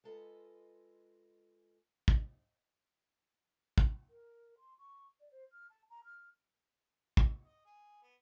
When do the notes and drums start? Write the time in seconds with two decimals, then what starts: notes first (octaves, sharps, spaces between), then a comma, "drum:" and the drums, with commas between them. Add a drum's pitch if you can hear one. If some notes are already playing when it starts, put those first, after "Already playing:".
0.04 G#3 F4 A4 B4 D#5
2.08 drum: kick
3.78 drum: kick
4.10 A#4
4.58 C6
4.79 C#6
5.20 D5
5.31 C5
5.52 F6
5.70 A5
5.90 A#5
6.04 F6
7.17 drum: kick
7.45 D#5
7.66 G#4
8.02 B3